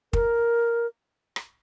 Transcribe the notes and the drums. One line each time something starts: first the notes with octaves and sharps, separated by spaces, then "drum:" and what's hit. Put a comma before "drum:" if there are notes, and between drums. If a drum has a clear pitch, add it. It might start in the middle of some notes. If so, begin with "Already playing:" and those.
A#4, drum: kick
drum: rim click